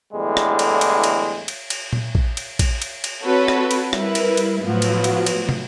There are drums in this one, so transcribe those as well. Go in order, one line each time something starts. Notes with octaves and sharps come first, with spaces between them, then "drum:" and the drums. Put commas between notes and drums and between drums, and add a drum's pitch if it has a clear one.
E2 A2 D3 G3 G#3
drum: rim click
drum: cymbal
drum: cymbal
drum: cymbal
drum: cymbal
drum: cymbal
drum: tom A#2
drum: kick
drum: cymbal
drum: kick, cymbal
drum: cymbal
drum: cymbal
C4 F#4 A4 B4 C#5
drum: rim click
drum: cymbal
G3 E4 A#4 B4, drum: rim click
drum: cymbal
drum: cymbal
A2 F3 F#3 B3
drum: cymbal
drum: cymbal
drum: cymbal
drum: tom